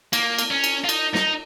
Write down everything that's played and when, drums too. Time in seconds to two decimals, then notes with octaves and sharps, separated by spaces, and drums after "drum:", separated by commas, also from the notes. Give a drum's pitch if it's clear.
0.13 A#3, drum: cymbal
0.39 drum: cymbal
0.51 C#4
0.64 drum: cymbal
0.85 F4
0.89 D#4, drum: cymbal
1.15 D#4, drum: snare